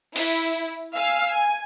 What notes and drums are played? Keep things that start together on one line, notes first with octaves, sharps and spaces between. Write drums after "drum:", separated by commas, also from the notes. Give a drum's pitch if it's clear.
E4, drum: open hi-hat
F5 G#5 E6 F6
G#5